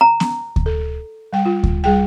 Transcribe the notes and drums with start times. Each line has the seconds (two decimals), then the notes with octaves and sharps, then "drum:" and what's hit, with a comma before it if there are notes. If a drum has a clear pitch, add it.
0.01 A#5
0.20 drum: snare
0.56 drum: kick D2
0.66 A4
1.33 G3 G5
1.46 F4
1.63 drum: kick D2
1.84 G3 G#4 G5